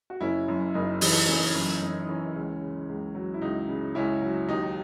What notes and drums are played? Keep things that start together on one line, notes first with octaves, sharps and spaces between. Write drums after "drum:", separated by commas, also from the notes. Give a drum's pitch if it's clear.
F#4
F#1 C#4 E4
F#2
F#1 D#4
E3 D#4, drum: open hi-hat
F#1 C#4
D#4
C#4
F#2
F#1 D#4
D#4
E3 C#4
C#2
C#3
C#2
F#3
E4
C#2 D#4
C#3
C#2 C#4 E4
F#3
D#2 D#4